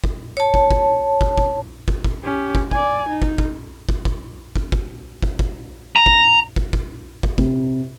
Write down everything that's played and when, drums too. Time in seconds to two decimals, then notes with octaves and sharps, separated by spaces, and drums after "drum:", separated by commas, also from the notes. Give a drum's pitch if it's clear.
0.04 drum: kick
0.37 C#5 A5
0.54 drum: kick
0.71 drum: kick
1.21 drum: kick
1.38 drum: kick
1.88 drum: kick
2.04 drum: kick
2.24 C#4 G4
2.55 drum: kick
2.71 D5 G#5, drum: kick
3.09 D#4
3.22 drum: kick
3.38 drum: kick
3.89 drum: kick
4.05 drum: kick
4.56 drum: kick
4.72 drum: kick
5.22 drum: kick
5.39 drum: kick
5.96 A#5
6.06 drum: kick
6.56 drum: kick
6.73 drum: kick
7.23 drum: kick
7.38 C3, drum: kick